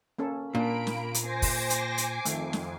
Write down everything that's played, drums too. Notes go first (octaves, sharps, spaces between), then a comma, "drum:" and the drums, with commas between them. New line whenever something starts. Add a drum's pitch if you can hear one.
A#3 C#4 A4
A#2 A#3 D4 B5 D7
drum: snare
drum: hi-hat
C5 G#5 D6 A#6 C7
drum: kick, open hi-hat
drum: hi-hat
drum: hi-hat
F2 D#3 A3, drum: hi-hat
drum: snare